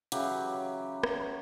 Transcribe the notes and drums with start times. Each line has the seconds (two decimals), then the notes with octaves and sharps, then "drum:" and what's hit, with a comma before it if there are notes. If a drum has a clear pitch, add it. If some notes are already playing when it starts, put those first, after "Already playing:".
0.12 C#3 E3 F#3 G4, drum: hi-hat
1.03 drum: rim click